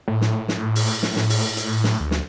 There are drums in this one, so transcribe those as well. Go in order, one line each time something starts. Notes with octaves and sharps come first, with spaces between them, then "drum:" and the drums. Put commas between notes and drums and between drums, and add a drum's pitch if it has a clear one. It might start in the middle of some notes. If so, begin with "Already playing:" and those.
A2
drum: snare
drum: snare
drum: open hi-hat
drum: snare
drum: snare
drum: open hi-hat
drum: hi-hat
drum: snare
D2
drum: snare